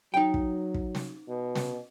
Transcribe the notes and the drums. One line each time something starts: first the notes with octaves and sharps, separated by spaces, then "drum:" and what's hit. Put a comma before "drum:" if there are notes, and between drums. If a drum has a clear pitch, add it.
F#3 D#4 G5
drum: kick
drum: kick
drum: snare
B2
drum: snare